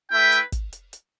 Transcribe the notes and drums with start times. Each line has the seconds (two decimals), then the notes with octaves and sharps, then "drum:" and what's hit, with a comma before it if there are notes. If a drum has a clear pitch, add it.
0.11 A3 E4 B4 E5 G5
0.32 drum: hi-hat
0.52 drum: kick, hi-hat
0.73 drum: hi-hat
0.93 drum: hi-hat